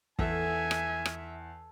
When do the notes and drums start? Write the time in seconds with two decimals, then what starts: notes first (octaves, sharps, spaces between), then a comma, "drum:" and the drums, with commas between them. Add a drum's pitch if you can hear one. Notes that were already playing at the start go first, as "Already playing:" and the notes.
0.19 E2 A4 E5 G#5, drum: kick
0.71 drum: rim click
1.05 drum: rim click